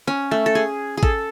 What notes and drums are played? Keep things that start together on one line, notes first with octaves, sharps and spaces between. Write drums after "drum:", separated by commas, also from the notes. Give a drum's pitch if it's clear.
C#4
A3
A4
G#4
G#4
A4, drum: kick A1